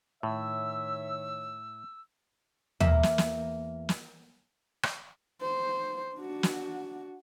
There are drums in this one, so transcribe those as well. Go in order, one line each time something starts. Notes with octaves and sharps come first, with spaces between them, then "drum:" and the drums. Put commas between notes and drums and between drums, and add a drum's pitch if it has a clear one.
A2 D#3 C#5 E5 E6
E2 A#3 E5, drum: tom
drum: snare
drum: snare
drum: snare
drum: rim click
C5
D4 F#4
drum: snare